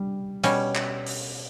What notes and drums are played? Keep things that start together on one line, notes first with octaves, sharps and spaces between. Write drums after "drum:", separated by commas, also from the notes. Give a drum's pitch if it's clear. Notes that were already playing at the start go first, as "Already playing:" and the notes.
Already playing: G3
B2 G3 C#4, drum: hi-hat
drum: clap
drum: open hi-hat